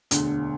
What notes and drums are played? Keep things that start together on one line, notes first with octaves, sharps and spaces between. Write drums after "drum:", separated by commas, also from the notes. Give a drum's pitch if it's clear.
E1 D2 D3, drum: hi-hat